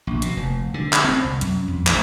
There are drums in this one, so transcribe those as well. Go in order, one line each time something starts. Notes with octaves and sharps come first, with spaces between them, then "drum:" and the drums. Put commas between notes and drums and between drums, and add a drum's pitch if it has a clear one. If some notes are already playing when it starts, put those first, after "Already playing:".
A#1
B2, drum: hi-hat
F1
D3
drum: clap
C4
C2
F#2, drum: hi-hat
F2
A1, drum: clap